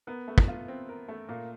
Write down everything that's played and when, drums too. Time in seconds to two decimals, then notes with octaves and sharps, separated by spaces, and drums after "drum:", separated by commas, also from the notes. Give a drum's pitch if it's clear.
0.07 B3 A#4
0.28 A3
0.38 drum: kick
0.48 F4
0.68 C4
0.89 A#4
1.08 A3
1.29 A#2 A#3